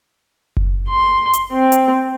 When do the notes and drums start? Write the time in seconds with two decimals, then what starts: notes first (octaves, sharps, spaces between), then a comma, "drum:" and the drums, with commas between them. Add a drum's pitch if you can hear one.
0.57 drum: kick F#1
0.89 C6
1.33 drum: hi-hat
1.53 C4
1.72 drum: hi-hat